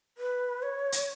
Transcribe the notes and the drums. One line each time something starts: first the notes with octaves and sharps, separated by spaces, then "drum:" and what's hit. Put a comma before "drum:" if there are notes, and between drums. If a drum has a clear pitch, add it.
B4
C#5
drum: hi-hat